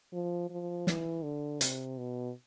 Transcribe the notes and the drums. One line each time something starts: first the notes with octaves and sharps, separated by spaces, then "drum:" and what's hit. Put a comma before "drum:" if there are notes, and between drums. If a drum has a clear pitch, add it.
F3
F3
E3, drum: snare
D3
C3, drum: hi-hat
B2